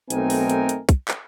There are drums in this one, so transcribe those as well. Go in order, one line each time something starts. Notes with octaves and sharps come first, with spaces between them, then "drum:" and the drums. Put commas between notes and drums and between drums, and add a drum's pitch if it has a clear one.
B1 A3 C4 D#4 A#4 G#5, drum: hi-hat
drum: open hi-hat
drum: hi-hat
drum: hi-hat
drum: kick, hi-hat
drum: clap